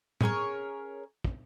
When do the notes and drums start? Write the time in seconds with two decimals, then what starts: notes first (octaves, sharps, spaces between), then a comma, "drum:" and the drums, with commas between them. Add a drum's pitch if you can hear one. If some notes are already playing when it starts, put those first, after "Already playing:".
0.21 C#4 G#4 A#4 C#5, drum: tom A2
1.24 drum: kick